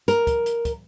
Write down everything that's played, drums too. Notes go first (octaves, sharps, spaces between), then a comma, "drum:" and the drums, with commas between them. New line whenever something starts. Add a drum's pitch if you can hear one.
A#4, drum: hi-hat
drum: kick, hi-hat
drum: hi-hat
drum: kick, hi-hat